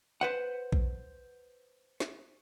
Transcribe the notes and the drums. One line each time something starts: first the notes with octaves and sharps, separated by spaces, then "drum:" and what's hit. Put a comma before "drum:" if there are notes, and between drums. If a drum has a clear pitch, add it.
B4 C5 F#5
drum: kick A#1
drum: snare